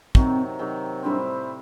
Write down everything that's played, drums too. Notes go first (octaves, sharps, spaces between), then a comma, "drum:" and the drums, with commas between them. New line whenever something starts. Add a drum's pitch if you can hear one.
C3 D#3 F#3 C4, drum: kick
C3 D#3 F#3
A2 G3 C4 D4